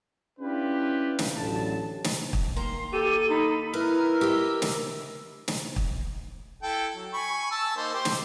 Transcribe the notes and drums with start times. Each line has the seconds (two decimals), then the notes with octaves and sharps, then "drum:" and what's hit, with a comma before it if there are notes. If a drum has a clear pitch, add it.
0.40 C#4 D4 E4 F4 G4 B4
1.19 drum: snare
1.36 A1 D2 F#3 A5
2.04 drum: snare
2.33 drum: kick
2.56 D#3 A#3 A#5 C6
2.93 G4 A4 D#7
3.30 D#4 B5
3.74 E4 A#4 B4 F6
4.21 G4 D#5 E6
4.62 drum: snare
5.48 drum: snare
5.76 drum: kick
6.63 E4 A4 G5
6.95 F#3
7.14 G#5 B5 C#6
7.51 A5 E6
7.77 A#3 D#4 C5
7.94 G4 C5 C6
8.05 drum: snare